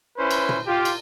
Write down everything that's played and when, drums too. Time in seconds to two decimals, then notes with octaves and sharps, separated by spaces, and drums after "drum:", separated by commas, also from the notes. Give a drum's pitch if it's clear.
0.18 C#4 E4 B4 C5
0.31 drum: cymbal
0.49 drum: tom A#2
0.67 F4 G4
0.85 drum: cymbal